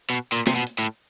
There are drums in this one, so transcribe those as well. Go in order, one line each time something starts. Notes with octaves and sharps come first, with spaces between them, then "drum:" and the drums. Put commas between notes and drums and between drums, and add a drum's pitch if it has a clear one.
B2
A#2, drum: hi-hat
C3, drum: snare
B2
drum: hi-hat
A2